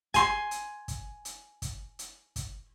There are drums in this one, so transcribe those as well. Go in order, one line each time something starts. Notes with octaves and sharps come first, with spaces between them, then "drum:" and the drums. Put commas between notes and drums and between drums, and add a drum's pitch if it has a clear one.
G#5 C6, drum: kick, hi-hat
drum: hi-hat
drum: kick, hi-hat
drum: hi-hat
drum: kick, hi-hat
drum: hi-hat
drum: kick, hi-hat